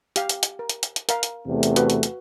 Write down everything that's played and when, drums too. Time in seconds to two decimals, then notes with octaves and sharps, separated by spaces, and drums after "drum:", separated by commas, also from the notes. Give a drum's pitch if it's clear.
0.16 G4 F5, drum: hi-hat
0.29 drum: hi-hat
0.43 drum: hi-hat
0.59 A#4
0.70 drum: hi-hat
0.83 drum: hi-hat
0.96 drum: hi-hat
1.09 A#4 F5, drum: hi-hat
1.23 drum: hi-hat
1.45 E2 C3 A3
1.63 drum: hi-hat
1.76 F#4 B4 F5, drum: hi-hat
1.90 drum: hi-hat
2.03 drum: hi-hat